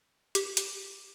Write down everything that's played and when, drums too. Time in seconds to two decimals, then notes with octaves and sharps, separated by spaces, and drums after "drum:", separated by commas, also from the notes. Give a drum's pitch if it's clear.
0.35 G4, drum: hi-hat
0.57 drum: hi-hat